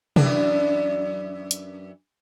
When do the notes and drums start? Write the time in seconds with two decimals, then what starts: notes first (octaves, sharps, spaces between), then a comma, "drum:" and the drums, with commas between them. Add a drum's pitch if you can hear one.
0.16 F#2 E3 D4, drum: tom C3
1.51 drum: hi-hat